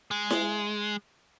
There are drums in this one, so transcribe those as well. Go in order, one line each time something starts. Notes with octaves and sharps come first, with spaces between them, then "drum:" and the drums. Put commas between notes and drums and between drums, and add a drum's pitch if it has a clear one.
G#3
drum: snare E4